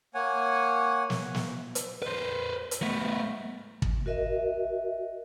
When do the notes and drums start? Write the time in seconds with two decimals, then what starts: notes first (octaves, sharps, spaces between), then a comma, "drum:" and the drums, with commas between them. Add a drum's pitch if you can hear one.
0.14 A#3 C#5 F#5 G#5
1.10 drum: snare
1.35 drum: snare
1.75 drum: hi-hat
2.02 B4 C5
2.71 drum: hi-hat
2.82 A3 B3
3.82 drum: kick
4.06 F#4 A#4 D#5 E5